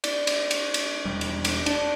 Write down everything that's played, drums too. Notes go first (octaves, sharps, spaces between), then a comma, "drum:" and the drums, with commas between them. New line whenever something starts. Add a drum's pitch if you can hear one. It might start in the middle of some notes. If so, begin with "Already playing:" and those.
D5, drum: cymbal
drum: cymbal
drum: cymbal
drum: cymbal
E1 G3
drum: cymbal
drum: cymbal
D4 D5, drum: cymbal